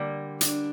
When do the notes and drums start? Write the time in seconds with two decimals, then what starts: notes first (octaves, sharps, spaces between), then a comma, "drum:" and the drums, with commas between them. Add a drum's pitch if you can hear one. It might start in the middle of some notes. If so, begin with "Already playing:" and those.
Already playing: D3 G3 A#3
0.41 D4, drum: hi-hat